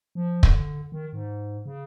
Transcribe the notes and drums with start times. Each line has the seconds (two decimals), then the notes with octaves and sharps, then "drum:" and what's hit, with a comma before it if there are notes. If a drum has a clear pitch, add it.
0.15 F3
0.43 D3, drum: kick
0.92 D#3
1.13 G#2
1.66 C#3